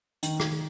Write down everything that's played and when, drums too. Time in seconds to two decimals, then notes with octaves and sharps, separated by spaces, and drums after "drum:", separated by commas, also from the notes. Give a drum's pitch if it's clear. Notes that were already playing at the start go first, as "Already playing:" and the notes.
0.23 D#3, drum: hi-hat
0.40 drum: rim click